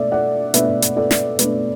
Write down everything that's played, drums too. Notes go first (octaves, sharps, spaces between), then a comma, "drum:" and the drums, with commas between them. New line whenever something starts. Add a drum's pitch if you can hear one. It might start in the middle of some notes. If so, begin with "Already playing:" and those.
Already playing: B2 A3 D4 A4 D5 E5
D5 F#5
B2 A3 D4 B4 E5, drum: hi-hat
drum: hi-hat
A4 D5
drum: snare
B2 A3 D4 B4, drum: hi-hat